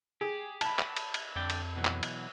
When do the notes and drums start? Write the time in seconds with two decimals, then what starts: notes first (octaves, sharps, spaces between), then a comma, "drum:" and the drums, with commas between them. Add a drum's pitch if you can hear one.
0.21 G4 G#4
0.61 A5 B5, drum: cymbal
0.79 drum: clap
0.97 drum: cymbal
1.14 drum: cymbal
1.36 F2 D3 D5 G5
1.50 drum: cymbal
1.76 B2 E3 F#3
1.85 drum: clap
2.03 drum: cymbal